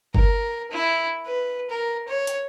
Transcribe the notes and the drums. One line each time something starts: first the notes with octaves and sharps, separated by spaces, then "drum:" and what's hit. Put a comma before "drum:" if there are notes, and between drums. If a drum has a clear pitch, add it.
A#4, drum: kick G1
E4
B4
A#4
C#5
drum: hi-hat